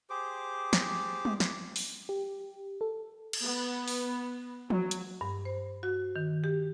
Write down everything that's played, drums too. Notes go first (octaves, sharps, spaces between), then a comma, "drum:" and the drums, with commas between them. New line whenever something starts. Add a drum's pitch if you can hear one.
G4 G#4 C5 D6
drum: snare
drum: tom
drum: snare
drum: open hi-hat
G4
A4
drum: cymbal
B3
drum: open hi-hat
F#3, drum: tom
drum: hi-hat
G2
C5
F#4
D#3
G4